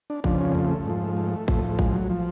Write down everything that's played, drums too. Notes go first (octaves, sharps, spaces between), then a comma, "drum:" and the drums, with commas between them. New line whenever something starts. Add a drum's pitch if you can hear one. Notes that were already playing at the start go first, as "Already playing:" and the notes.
D4
F2 C#3 F3 D4, drum: kick A1
C#4
A3, drum: tom E2
G#2 F3
A3
A2 F3, drum: kick A1
G#3, drum: kick A1
F#3
F3